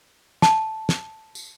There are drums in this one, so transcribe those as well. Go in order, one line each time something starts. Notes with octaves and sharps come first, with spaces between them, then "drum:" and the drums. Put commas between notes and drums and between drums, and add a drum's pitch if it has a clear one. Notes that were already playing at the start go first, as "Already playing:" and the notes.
A5, drum: snare
drum: snare
drum: tambourine